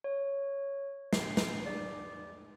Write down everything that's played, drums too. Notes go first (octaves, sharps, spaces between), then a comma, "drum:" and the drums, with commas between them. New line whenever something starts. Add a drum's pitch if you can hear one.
C#5
C7, drum: snare
drum: snare
D5